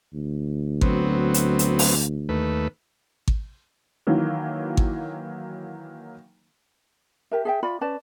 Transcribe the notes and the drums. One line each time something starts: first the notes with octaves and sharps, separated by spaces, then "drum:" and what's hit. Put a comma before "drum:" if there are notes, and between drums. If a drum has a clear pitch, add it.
D2
F#3 B3 C4, drum: kick G#1
drum: hi-hat
drum: hi-hat
drum: open hi-hat
D#2 A3 B4
drum: kick G#1
D#3 E3 F#3 A#3
drum: kick G#1
G4 A#4 E5
G#4 E5 G5
F4 D5 B5
C#4 B4 D5 A5